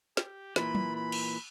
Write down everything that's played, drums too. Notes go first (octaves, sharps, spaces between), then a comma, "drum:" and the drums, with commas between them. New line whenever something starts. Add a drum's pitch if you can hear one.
G4, drum: snare
A#2 E3 B5, drum: snare
drum: tom
B5
drum: cymbal